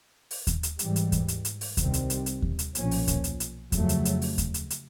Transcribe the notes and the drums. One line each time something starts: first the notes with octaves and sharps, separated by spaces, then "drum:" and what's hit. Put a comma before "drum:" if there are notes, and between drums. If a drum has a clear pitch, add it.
drum: open hi-hat
drum: kick D#2, hi-hat
drum: hi-hat
G#2 E3 G3, drum: hi-hat
drum: hi-hat
drum: kick D#2, hi-hat
drum: hi-hat
drum: hi-hat
drum: open hi-hat
C2 C3 D#3 G3 C4, drum: kick D#2, hi-hat
drum: hi-hat
drum: hi-hat
drum: hi-hat
drum: kick D#2
drum: hi-hat
B1 A#2 F3 A#3 C#4, drum: hi-hat
drum: open hi-hat
drum: kick D#2, hi-hat
drum: hi-hat
drum: hi-hat
F2 C#3 F#3 A3, drum: kick D#2, hi-hat
drum: hi-hat
drum: hi-hat
drum: open hi-hat
drum: kick D#2, hi-hat
drum: hi-hat
drum: hi-hat